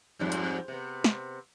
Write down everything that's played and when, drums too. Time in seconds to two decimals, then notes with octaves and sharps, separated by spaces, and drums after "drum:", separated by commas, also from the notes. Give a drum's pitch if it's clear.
0.19 F2 G#2 G3
0.32 drum: hi-hat
0.68 C3 B3
1.04 drum: snare